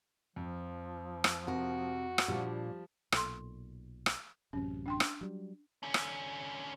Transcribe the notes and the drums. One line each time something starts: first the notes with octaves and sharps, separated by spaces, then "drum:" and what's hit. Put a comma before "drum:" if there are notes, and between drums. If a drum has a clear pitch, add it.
F2 F3
drum: rim click
C3 F#4 A#4
drum: rim click
A#2 F3 G3 D4
B1 A#2 A4 C6, drum: rim click
drum: rim click
A1 F#2 C3 C#4
D4 G5 C6
drum: rim click
F#3 G3
D3 C#4
drum: rim click